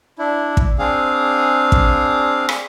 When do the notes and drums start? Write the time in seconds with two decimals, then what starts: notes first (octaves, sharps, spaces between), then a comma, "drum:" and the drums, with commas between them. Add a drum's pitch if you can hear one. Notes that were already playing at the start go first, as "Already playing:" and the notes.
0.19 D4 E4
0.57 drum: kick
0.79 C4 D4 G#4 F5
1.72 drum: kick
2.49 drum: rim click